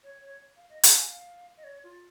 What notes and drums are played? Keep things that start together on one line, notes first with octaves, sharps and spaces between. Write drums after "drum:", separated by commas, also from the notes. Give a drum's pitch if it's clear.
C#5
C#5
F5
D#5
F5, drum: hi-hat
G#5
F5
D#5
C#5
F4